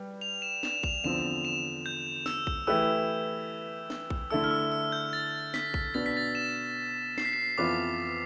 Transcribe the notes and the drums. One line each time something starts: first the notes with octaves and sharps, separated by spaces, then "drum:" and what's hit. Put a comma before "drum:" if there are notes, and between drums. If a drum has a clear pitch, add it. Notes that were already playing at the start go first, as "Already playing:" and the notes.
Already playing: G3 B4
F7
E7
E7, drum: snare
F7, drum: kick A#1
E2 D3 F3 C4 E7
E7
G6
E6, drum: snare
drum: kick A#1
E3 A3 E4 G4 B4 E6
drum: snare
drum: kick A#1
D3 A3 E4 A4 E6
F6
E6
E6
G6
A6
B6, drum: snare
drum: kick A#1
B2 B3 D4 A6
B6
A6
E7
C7, drum: snare
B6
C7
F2 E3 B3 F4 B4 D6